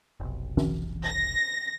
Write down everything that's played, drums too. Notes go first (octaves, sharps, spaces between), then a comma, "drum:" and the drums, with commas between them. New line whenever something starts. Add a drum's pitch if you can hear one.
F1 B1
drum: tom
A#6